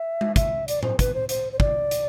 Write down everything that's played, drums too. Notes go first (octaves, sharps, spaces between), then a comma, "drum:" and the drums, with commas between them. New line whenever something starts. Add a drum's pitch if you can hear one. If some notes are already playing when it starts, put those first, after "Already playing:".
Already playing: E5
drum: tom G#3
E5, drum: kick, hi-hat
D5, drum: hi-hat
C5, drum: tom A2
B4, drum: kick, hi-hat
C5
C5, drum: hi-hat
C5
D5, drum: kick
drum: hi-hat